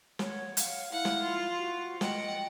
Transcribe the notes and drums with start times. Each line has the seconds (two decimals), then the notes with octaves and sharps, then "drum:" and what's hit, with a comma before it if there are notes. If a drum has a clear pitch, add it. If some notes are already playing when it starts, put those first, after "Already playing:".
0.19 C#5 F#5, drum: snare
0.57 F5 F#5, drum: hi-hat
0.92 E4 F5 F#5
1.05 drum: snare
1.22 F4
1.58 F#4 C5
2.01 D#5 F#5 G5, drum: snare